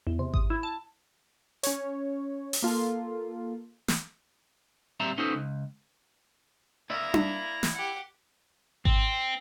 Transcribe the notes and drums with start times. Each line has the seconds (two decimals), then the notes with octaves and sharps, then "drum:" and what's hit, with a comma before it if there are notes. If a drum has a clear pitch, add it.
0.07 E2
0.19 C3
0.34 D#6, drum: kick G#1
0.50 E4
0.63 A5
1.63 C#4 C#5, drum: hi-hat
2.53 drum: open hi-hat
2.62 A#3 F4 A4
3.88 drum: snare
5.00 A#2 G3 C4 E5 A#5
5.18 B3 C#4 D#4 F4 A4 C5
5.35 C#2
6.90 A#3 E4 D5 E5 A#5
7.14 drum: tom D4
7.63 drum: snare
7.74 G4 F#5
8.85 C4, drum: kick G#1